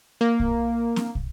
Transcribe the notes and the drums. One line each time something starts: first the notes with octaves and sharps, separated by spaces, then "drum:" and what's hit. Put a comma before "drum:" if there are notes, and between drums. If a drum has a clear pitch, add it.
A#3
drum: kick
drum: snare C4
drum: kick